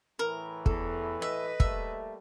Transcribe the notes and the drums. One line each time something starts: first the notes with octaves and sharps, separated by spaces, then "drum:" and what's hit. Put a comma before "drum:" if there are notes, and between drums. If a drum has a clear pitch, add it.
A2 E3 A#4
E2 A4, drum: kick
B4 D#5 E5
G3 A3 A#3 E5, drum: kick